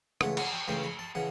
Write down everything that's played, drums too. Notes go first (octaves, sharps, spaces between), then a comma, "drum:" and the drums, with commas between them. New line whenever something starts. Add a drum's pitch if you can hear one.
C#2 C#3 E3 A3 F#5, drum: rim click
F#5, drum: cymbal
G5
C#2 C#3 E3 A3 G5
B5
A5
C#3 E3 F#5